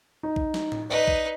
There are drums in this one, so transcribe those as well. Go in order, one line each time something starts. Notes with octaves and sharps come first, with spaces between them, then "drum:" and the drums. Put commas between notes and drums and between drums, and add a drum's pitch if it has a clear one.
D#4
drum: kick A#1
drum: snare
drum: tom A2
D#4 B4 D5 D#5
drum: kick A#1